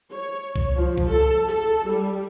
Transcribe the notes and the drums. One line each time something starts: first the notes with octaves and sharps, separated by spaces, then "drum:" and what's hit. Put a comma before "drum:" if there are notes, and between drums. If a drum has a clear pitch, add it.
C#5
drum: kick B1
F3
drum: kick B1
A4
A4
G3